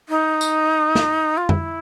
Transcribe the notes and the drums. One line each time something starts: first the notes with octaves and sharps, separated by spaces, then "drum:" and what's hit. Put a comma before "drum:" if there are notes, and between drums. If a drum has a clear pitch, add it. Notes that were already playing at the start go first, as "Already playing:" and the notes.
D#4
drum: tambourine
drum: snare
F4
E4, drum: tom F2